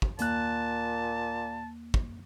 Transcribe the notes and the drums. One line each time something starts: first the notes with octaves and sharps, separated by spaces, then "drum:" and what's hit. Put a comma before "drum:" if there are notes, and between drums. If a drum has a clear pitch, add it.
drum: kick
D#2 A#2 A#3 A5 F#6, drum: hi-hat
drum: kick